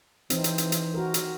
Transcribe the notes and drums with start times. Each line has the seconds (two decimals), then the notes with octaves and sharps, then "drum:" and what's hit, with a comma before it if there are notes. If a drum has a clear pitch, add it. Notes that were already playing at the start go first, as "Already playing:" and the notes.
0.30 E3 C4 D#4, drum: hi-hat
0.44 drum: hi-hat
0.58 drum: hi-hat
0.72 drum: hi-hat
0.94 F#4 A#4
1.14 drum: hi-hat